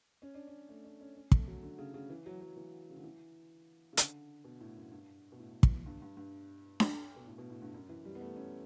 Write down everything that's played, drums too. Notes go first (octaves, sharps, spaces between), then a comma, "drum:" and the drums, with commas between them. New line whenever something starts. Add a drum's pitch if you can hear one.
C#4
D4
C#4
A3
D4
C#4
C#4
A3, drum: kick
F#3
D3
C#3
C#3
E3
F#3
F#3
E3
C#3
D3
E3
C#3
D3, drum: hi-hat
B2
A2
F#2
G2
B2
A2
drum: kick
G2
G2
G2
G2, drum: snare D4
B2
A2
B2
A2
G2
F#2
E3
G3
B3
A3
C#4